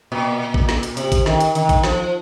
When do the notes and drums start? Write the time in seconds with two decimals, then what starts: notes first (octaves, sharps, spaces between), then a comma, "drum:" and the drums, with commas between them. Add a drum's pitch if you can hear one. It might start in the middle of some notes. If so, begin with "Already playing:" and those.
0.12 A#2
0.54 drum: kick A1
0.69 drum: snare
0.83 drum: hi-hat
0.97 C3, drum: hi-hat
1.12 drum: kick A1, hi-hat
1.26 D#3, drum: snare
1.40 drum: hi-hat
1.55 D#3, drum: hi-hat
1.69 drum: kick A1, hi-hat
1.84 F3, drum: snare